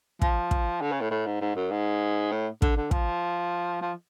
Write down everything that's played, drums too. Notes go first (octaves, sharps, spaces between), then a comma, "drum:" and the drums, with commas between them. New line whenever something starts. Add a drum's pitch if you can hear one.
F3, drum: kick
drum: kick
D3
C#3
A2
A2
G#2
G#2
F#2
G#2
A2
D3, drum: kick
D3
F3, drum: kick
F3